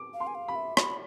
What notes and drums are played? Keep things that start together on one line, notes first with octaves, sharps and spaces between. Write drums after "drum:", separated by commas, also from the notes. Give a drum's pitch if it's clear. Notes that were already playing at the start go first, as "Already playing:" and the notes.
Already playing: D6
F5
C6
G#5
F5
B5
E5
B5, drum: rim click